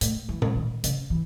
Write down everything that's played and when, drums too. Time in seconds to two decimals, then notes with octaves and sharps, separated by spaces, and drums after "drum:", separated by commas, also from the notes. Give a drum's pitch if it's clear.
0.01 A2, drum: hi-hat
0.29 E3
0.42 drum: tom A#2
0.56 D#3
0.84 C#3, drum: hi-hat
1.10 E3